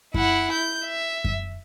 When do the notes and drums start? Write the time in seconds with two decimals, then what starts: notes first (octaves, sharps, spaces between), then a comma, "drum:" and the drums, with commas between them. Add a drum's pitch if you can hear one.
0.14 E4 F#5, drum: kick F#2
0.53 G6
0.85 E5
1.24 drum: kick F#2